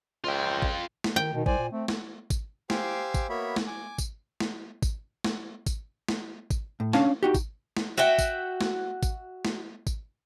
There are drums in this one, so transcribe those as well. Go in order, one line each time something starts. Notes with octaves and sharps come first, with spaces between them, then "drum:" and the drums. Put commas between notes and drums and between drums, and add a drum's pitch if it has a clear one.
C#2 F4 G5
drum: kick G#1
drum: snare
D#3 G5
B2 D#3
C2 C5 D5 G#5, drum: kick G#1
A#2
A3 C4
drum: snare
drum: kick G#1, tambourine
G4 C5 F5 G#5 D6 E6, drum: snare
drum: kick G#1, tambourine
A#3 B3 F#4 C#5 E5 B5
drum: snare
G#5 D6
drum: kick G#1, tambourine
drum: snare
drum: kick G#1, tambourine
drum: snare
drum: kick G#1, tambourine
drum: snare
drum: kick G#1, tambourine
A2
C#4 D4 C#5 F5 A5, drum: snare
D#4 F#4 G4
drum: kick G#1, tambourine
drum: snare
F#4 E5 F#5 G5
drum: kick G#1, tambourine
drum: snare
drum: kick G#1, tambourine
drum: snare
drum: kick G#1, tambourine